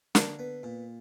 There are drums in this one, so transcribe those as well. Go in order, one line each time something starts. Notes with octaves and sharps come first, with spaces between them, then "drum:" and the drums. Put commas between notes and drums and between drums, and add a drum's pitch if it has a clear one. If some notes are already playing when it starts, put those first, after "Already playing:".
D3 A#3 D4, drum: snare
B3
A#2